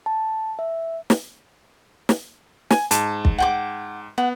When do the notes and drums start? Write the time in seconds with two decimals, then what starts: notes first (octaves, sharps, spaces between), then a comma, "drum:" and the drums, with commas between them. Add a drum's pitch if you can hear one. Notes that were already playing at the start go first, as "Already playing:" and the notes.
0.06 A5
0.59 E5
1.10 drum: snare
2.09 drum: snare
2.71 G#5, drum: snare
2.91 G#2 A5, drum: hi-hat
3.25 drum: kick
3.38 F#5 G5 D6
4.18 B3 F#5